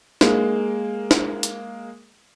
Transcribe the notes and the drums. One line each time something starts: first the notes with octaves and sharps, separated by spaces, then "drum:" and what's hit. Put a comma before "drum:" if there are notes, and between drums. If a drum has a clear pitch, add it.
G#3 A#3, drum: snare
drum: snare
drum: hi-hat